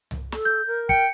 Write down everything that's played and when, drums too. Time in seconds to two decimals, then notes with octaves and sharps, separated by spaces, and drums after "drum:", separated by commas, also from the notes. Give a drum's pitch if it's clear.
0.11 drum: tom C2
0.32 A4, drum: snare
0.45 G6
0.67 A#4
0.89 G5 C#7, drum: kick